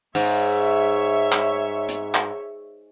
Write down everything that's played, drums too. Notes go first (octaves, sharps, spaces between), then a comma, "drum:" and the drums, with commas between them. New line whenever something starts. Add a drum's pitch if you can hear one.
G#2 C#5 E5, drum: open hi-hat
drum: clap
drum: hi-hat
drum: clap